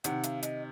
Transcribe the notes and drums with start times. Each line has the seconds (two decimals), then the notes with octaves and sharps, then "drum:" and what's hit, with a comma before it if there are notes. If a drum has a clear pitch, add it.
0.04 C3 D#3 F#5, drum: hi-hat
0.23 F5, drum: hi-hat
0.43 D#5, drum: hi-hat